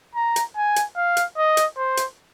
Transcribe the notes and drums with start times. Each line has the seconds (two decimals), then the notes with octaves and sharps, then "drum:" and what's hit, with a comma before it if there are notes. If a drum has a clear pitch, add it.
0.15 A#5
0.36 drum: hi-hat
0.56 G#5
0.76 drum: hi-hat
0.96 F5
1.17 drum: hi-hat
1.37 D#5
1.57 drum: hi-hat
1.77 C5
1.97 drum: hi-hat